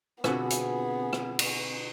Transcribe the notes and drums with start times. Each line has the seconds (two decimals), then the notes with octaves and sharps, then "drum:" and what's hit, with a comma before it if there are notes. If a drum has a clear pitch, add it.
0.24 B2 D3 B3 C4 F4 F#4 G#4 G#5, drum: rim click
0.50 drum: hi-hat
1.13 drum: rim click
1.39 drum: cymbal